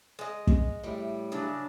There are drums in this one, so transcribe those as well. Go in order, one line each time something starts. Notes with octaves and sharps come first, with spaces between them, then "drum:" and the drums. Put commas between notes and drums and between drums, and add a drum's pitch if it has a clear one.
G#3 D#5
drum: kick
A2 G3
C#3 F#3 D4